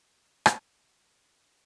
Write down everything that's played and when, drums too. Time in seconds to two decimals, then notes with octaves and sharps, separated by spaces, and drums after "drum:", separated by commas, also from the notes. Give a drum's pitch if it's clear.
0.04 A3 C4
0.46 drum: rim click